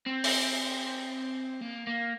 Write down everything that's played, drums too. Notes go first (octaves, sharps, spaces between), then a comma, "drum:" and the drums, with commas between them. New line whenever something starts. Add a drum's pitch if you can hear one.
C4
drum: open hi-hat
A#3
A#3